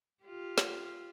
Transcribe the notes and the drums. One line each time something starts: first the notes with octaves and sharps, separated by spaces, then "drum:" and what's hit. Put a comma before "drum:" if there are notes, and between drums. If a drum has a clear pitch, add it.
F4 G4
drum: snare